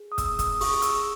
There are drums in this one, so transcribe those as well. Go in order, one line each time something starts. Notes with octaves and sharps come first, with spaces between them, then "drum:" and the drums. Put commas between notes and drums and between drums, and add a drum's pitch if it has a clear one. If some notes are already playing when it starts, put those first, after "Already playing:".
Already playing: G#4
D#6
B3 E6, drum: kick, hi-hat
D#6, drum: kick, hi-hat
D#6
G#4 C#6, drum: open hi-hat
E6, drum: hi-hat